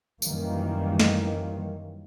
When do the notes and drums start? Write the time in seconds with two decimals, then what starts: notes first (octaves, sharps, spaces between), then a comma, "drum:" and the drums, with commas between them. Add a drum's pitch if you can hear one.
0.22 F#2 D#3 E3 G3 A#3, drum: tambourine
1.00 drum: snare